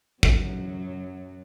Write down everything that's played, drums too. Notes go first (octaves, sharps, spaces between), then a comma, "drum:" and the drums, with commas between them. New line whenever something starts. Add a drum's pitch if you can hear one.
F#2 F#3, drum: kick